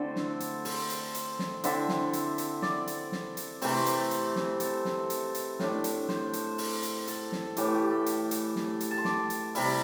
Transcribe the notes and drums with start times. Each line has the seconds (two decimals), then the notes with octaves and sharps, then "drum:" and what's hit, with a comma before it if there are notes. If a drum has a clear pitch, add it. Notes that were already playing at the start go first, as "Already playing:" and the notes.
Already playing: D3 A3 C4 E4 A4 C5 G5
0.16 drum: snare
0.40 drum: hi-hat
0.65 C5, drum: open hi-hat
0.90 drum: hi-hat
1.15 drum: hi-hat
1.39 drum: snare
1.64 D3 C4 E4 E5, drum: hi-hat
1.89 drum: snare
2.13 drum: hi-hat
2.38 drum: hi-hat
2.62 D5, drum: snare
2.87 drum: hi-hat
3.12 drum: snare
3.37 drum: hi-hat
3.62 C3 E3 A3 C4 C5, drum: open hi-hat
3.86 drum: hi-hat
4.11 drum: hi-hat
4.36 drum: snare
4.60 A4, drum: hi-hat
4.85 drum: snare
5.10 drum: hi-hat
5.35 drum: hi-hat
5.59 A2 A3 D4, drum: snare
5.84 drum: hi-hat
6.09 C5, drum: snare
6.33 drum: hi-hat
6.58 drum: open hi-hat
6.83 drum: hi-hat
7.08 A4, drum: hi-hat
7.32 drum: snare
7.57 A2 E3 A3 G4, drum: hi-hat
7.74 G4
7.90 A4
8.06 drum: hi-hat
8.31 drum: hi-hat
8.56 drum: snare
8.81 drum: hi-hat
8.91 A5
8.98 C6
9.05 D6, drum: snare
9.30 drum: hi-hat
9.55 C3 G3 E4, drum: open hi-hat